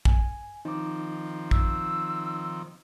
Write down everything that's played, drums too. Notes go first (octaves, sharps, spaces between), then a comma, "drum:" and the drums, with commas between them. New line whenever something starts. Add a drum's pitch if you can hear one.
G#5, drum: kick
D#3 F3 C4 D#4 D6
E6, drum: kick